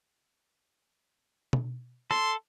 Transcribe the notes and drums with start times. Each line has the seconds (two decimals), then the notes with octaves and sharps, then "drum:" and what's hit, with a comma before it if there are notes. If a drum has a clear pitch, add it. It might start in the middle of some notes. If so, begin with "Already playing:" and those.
1.53 drum: tom
2.11 A4 C6, drum: rim click